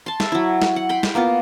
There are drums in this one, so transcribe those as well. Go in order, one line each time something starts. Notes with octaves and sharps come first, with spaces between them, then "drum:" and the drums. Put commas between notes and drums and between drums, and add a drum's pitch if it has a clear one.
A5 C6
E5, drum: snare
F#3 E4
drum: snare
F#5
G5 B5 C6
drum: snare
A#3 B3 F4